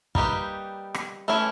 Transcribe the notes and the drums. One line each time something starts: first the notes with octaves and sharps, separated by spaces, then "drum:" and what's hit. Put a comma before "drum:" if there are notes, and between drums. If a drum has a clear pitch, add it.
G3 A#3 D#4 G4 B4, drum: kick
drum: rim click
E3 A3 C#4 E4